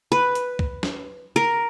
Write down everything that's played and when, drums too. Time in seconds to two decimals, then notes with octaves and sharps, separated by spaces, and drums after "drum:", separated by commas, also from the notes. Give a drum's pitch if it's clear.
0.12 B4
0.35 drum: hi-hat
0.59 drum: kick C2
0.83 drum: snare
1.36 A#4